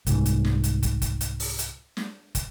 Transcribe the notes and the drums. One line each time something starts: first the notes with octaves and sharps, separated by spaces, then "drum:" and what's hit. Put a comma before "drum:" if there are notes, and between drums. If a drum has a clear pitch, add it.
C2 G#2, drum: hi-hat
drum: hi-hat
drum: snare
drum: hi-hat
drum: kick, hi-hat
drum: kick, hi-hat
drum: hi-hat
drum: open hi-hat
drum: hi-hat
drum: snare
drum: kick, hi-hat